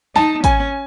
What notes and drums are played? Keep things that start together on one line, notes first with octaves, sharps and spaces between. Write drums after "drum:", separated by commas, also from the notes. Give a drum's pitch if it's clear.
D#4 A5, drum: snare
C#4 G#5, drum: kick, hi-hat